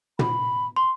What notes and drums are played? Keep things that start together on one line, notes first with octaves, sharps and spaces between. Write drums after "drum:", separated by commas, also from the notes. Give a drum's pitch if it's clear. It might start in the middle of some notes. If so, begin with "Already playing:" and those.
B5, drum: tom
C6